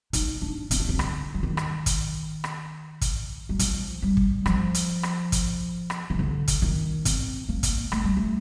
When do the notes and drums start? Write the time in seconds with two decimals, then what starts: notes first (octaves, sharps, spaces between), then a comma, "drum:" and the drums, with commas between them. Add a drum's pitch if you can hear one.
0.13 D#4, drum: kick, hi-hat
0.42 D4
0.71 C4, drum: kick, hi-hat
0.80 D4
0.89 C4
0.99 D3, drum: rim click
1.34 F3
1.43 D#3
1.57 drum: rim click
1.86 drum: kick, hi-hat
2.44 drum: rim click
3.01 drum: kick, hi-hat
3.49 G3
3.59 F3, drum: kick, hi-hat
4.02 G3
4.17 drum: kick
4.46 F3, drum: rim click
4.74 drum: hi-hat
5.03 drum: rim click
5.32 drum: kick, hi-hat
5.90 drum: rim click
6.10 D#3
6.19 D3
6.48 drum: kick, hi-hat
6.62 D#3
7.05 C4, drum: kick, hi-hat
7.49 A#3
7.63 drum: kick, hi-hat
7.92 A3, drum: rim click
8.04 G3
8.17 A3